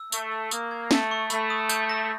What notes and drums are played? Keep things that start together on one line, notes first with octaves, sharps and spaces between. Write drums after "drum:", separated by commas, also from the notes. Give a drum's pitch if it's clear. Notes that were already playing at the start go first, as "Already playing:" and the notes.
Already playing: E6
A3 C#6, drum: tambourine
E6
A#3 D#6, drum: tambourine
G#6
A3 A5, drum: snare
C#6
A3 B5, drum: tambourine
D#6
G6, drum: tambourine
A#6